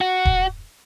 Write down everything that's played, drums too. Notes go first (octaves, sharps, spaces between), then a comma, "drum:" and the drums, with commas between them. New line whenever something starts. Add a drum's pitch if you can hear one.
F#4
drum: kick D#1